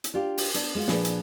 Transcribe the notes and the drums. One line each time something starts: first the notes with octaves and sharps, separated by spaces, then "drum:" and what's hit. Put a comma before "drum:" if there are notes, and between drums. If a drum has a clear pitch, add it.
drum: hi-hat
D4 F4 G4
drum: open hi-hat
B3 D4, drum: hi-hat
G#3 C#4 F4 F#4
A#2 F3 D4 G#4 A4 B4, drum: snare
drum: hi-hat